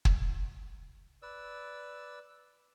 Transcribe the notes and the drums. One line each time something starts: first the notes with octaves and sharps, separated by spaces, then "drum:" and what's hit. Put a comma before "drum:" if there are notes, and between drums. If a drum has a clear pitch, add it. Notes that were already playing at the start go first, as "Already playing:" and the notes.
drum: kick
B4 D5 E6